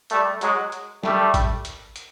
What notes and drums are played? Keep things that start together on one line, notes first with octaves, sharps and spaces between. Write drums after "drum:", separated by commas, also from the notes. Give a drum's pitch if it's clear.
G3 A3, drum: hi-hat
F#3 G#3, drum: hi-hat
drum: hi-hat
G3 A3, drum: snare
drum: kick G#1, hi-hat
drum: hi-hat
drum: hi-hat